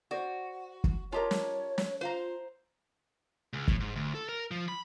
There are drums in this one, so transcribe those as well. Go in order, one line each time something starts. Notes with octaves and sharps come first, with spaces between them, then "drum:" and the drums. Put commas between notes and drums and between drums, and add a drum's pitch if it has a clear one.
F#4 C5 D5
drum: kick
F4 G4 A#4 C#5 D#5 A5 A#5
drum: snare
drum: snare
F4 C5 F5 A#5
C#2
A2, drum: kick
G#2
D2
A4
A#4
F3
B5